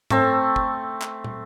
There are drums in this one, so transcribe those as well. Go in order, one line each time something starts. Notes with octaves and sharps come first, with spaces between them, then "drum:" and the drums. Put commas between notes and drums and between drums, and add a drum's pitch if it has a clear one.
A3 C4, drum: tom G#2
drum: kick
drum: clap
drum: tom